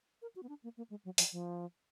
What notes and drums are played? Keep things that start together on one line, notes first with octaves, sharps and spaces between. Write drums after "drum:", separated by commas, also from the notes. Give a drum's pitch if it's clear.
A#4
F#4
B3
D4
A#3
A#3
G#3
F#3
F3, drum: open hi-hat
F3